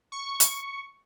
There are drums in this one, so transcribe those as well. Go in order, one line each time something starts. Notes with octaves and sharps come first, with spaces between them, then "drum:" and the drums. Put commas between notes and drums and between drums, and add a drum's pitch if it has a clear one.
C#6
drum: hi-hat